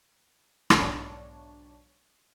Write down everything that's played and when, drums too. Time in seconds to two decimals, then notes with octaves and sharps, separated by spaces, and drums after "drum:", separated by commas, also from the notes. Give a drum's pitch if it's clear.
0.70 drum: rim click
0.79 B1 G#2 D4 C#5